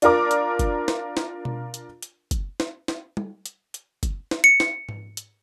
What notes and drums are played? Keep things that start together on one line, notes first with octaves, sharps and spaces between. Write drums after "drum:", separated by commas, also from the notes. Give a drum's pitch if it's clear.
D4 F4 A#4 D6, drum: hi-hat
drum: hi-hat
drum: kick F#1, hi-hat
drum: snare
drum: snare
drum: tom B2
drum: hi-hat
drum: hi-hat
drum: kick F#1, hi-hat
drum: snare
drum: snare
drum: tom
drum: hi-hat
drum: hi-hat
drum: kick F#1, hi-hat
drum: snare
C#7
drum: snare
drum: tom G#2
drum: hi-hat